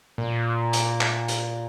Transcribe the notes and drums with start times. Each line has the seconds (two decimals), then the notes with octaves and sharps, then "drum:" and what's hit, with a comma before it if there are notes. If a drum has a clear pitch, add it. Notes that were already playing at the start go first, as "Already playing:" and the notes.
0.18 A#2
0.73 drum: hi-hat
1.01 drum: clap
1.28 drum: hi-hat